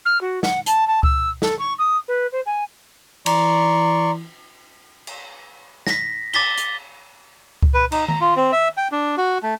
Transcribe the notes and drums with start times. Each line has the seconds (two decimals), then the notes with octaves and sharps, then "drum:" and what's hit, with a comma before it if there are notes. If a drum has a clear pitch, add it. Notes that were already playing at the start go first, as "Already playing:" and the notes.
0.05 F6
0.21 F#4
0.43 F#5, drum: snare
0.66 A5, drum: hi-hat
0.87 A5
1.03 E6, drum: kick C#2
1.42 A4, drum: snare
1.59 C#6
1.78 D#6
2.08 B4
2.32 C5
2.46 G#5
3.26 E3 D5 A#5 C6 C#6, drum: cymbal
5.07 drum: cymbal
5.87 A#6 B6, drum: snare
6.34 D6 A6 B6 G7, drum: cymbal
6.58 drum: hi-hat
7.63 drum: kick C#2
7.74 B4
7.92 D#4, drum: cymbal
8.08 A#5, drum: tom D#3
8.21 F4
8.36 C4
8.52 E5
8.77 G5
8.92 D4
9.17 F#4
9.43 A3